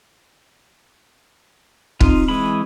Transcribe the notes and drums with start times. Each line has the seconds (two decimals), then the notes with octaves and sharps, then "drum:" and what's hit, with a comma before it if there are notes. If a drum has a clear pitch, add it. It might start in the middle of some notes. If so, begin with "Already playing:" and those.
2.00 C4 D#4 F4, drum: kick
2.28 E3 G#3 B5